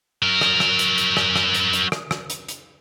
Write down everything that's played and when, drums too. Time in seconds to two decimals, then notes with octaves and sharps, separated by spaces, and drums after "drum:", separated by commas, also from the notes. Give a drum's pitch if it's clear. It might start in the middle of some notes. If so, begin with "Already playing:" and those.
0.23 F#3 A#4
0.41 drum: rim click
0.60 drum: rim click
0.79 drum: hi-hat
0.98 drum: hi-hat
1.17 drum: rim click
1.36 drum: rim click
1.54 drum: hi-hat
1.73 drum: hi-hat
1.92 drum: rim click
2.11 drum: rim click
2.30 drum: hi-hat
2.49 drum: hi-hat